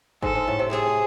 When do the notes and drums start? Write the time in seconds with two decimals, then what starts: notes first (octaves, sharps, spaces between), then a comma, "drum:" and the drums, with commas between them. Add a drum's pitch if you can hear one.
0.22 G#2 G#3 A4, drum: kick
0.35 G#2 G#3
0.47 A2 A3
0.59 C3 C4
0.71 C3 C4 G#4, drum: clap